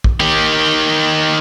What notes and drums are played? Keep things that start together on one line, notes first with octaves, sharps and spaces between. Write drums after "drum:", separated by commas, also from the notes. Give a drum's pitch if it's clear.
drum: kick
D#3 G4